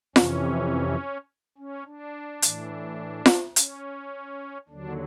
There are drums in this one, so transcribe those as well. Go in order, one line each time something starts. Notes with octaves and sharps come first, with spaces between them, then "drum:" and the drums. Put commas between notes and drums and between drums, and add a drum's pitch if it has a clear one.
F2 C3 E3 C#4, drum: snare F4
C#4
D4
A2 E3, drum: hi-hat
drum: snare F4
C#4, drum: hi-hat
D#2 D3 F#3 D4